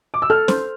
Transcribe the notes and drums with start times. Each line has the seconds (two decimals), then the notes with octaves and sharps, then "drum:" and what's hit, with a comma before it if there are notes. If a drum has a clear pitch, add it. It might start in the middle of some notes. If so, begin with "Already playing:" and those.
0.14 D6
0.22 E6
0.30 A4 F6
0.48 C5, drum: snare C#4